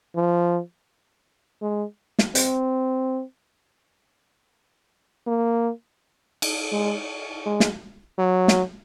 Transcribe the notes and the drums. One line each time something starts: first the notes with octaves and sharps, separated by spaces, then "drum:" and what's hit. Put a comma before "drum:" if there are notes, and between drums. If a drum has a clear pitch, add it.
F3
G#3
drum: snare
C4, drum: hi-hat
A#3
drum: cymbal
G#3
G#3
drum: snare
F#3
drum: snare